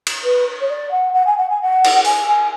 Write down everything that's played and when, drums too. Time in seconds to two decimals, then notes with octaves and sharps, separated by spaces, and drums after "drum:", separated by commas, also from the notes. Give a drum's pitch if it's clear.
0.07 drum: cymbal
0.24 B4
0.61 C#5
0.69 D5
0.91 F#5
1.14 F#5
1.26 G#5
1.37 F#5
1.50 G#5
1.62 F#5
1.85 drum: cymbal
2.05 G#5, drum: open hi-hat
2.28 G#5